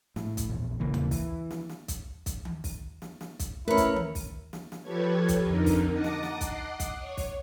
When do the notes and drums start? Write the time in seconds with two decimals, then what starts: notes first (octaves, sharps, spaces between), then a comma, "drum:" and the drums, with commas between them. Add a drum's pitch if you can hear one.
0.16 A2, drum: snare
0.37 drum: kick, hi-hat
0.49 A#1 E2
0.80 D#1 C#3 E3 A#3
0.94 drum: tom D#2
1.11 E3, drum: kick, open hi-hat
1.51 drum: snare
1.69 drum: snare
1.88 drum: kick, hi-hat
2.26 drum: kick, hi-hat
2.45 drum: tom D#3
2.64 drum: kick, open hi-hat
3.02 drum: snare
3.21 drum: snare
3.39 drum: kick, hi-hat
3.68 A3 C#4 E4 A#4 B4 C#5
3.77 drum: kick, hi-hat
3.96 drum: tom D#3
4.15 drum: kick, open hi-hat
4.53 drum: snare
4.72 drum: snare
4.82 F3 G4 A4 B4 C#5 G#6
5.28 drum: kick, hi-hat
5.44 F2 D3 D#4 A#4
5.66 drum: kick, open hi-hat
5.92 D#5 F#5 A5 A#5 D6 D#6
6.04 drum: snare
6.23 drum: snare
6.41 D#5 F#5 D6 C7, drum: kick, hi-hat
6.80 drum: kick, hi-hat
6.99 C#5
7.17 drum: kick, open hi-hat